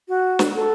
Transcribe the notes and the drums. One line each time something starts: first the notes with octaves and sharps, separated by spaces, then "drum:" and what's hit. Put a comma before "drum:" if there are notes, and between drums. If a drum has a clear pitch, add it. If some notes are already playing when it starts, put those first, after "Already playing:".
F#4
drum: snare
A4